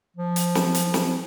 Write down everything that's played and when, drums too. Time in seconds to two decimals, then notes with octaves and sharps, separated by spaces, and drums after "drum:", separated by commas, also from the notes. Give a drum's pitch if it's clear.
0.17 F3
0.36 drum: hi-hat
0.55 drum: snare
0.75 drum: hi-hat
0.94 drum: snare